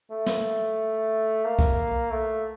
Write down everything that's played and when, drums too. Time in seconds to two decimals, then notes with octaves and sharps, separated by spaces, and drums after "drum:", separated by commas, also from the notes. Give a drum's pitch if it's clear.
0.12 A3
0.26 drum: snare
1.45 A#3
1.59 drum: kick B1
2.11 A3